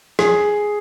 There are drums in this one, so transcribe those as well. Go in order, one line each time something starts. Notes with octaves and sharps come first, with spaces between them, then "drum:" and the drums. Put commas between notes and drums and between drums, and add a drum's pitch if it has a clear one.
G#4, drum: rim click